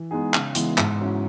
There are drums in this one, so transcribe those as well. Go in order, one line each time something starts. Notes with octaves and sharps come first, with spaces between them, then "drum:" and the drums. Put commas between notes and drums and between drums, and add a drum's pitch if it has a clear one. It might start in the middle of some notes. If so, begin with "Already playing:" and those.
Already playing: E3
G#3 B3 D#4 G#4
C#3, drum: clap
E3 G#3 B3 E4, drum: hi-hat
G#2, drum: clap
F#3 C#4 E4